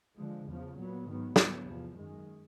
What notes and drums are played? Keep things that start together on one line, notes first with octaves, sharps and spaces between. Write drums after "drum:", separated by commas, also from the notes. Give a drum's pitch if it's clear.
D3 F3 G#3
E2 C#3 F3
A#2 F#3 B3
G#2 D#3 F#3 B3
D3 F#3 B3, drum: snare
E2 C3 F3
F#2 D#3 G#3